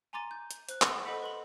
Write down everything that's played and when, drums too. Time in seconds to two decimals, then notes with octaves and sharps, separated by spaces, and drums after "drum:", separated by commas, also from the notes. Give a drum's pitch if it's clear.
0.13 G#5 A#5 C6 D6 A6 D#7
0.31 G6
0.51 drum: hi-hat
0.69 C5 F#6, drum: hi-hat
0.82 F#5 C#6, drum: clap
1.06 A4 C5 D#5 F#5 B5 B6
1.23 B4 C6 F#7